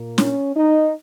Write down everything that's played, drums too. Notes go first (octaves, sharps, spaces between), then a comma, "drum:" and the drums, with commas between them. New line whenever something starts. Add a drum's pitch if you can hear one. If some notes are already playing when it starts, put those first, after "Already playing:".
Already playing: A#2 A#3
C#4, drum: snare
D#4